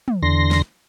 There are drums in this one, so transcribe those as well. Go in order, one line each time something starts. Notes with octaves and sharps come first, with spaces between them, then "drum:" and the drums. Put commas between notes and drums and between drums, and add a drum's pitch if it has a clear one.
drum: tom
E2 D3 C6 A#6
drum: snare